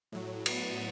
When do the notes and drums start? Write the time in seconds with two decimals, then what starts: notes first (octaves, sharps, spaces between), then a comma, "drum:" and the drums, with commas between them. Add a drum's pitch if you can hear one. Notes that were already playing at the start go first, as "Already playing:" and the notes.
0.12 A2 F#3
0.46 B3, drum: cymbal